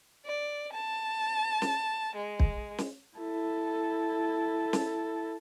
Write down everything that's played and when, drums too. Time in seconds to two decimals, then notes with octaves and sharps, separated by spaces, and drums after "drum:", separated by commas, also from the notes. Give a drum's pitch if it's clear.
0.24 D5
0.71 A5
1.62 drum: snare
2.14 G#3
2.40 drum: kick
2.78 drum: snare
3.17 E4 A4
4.73 drum: snare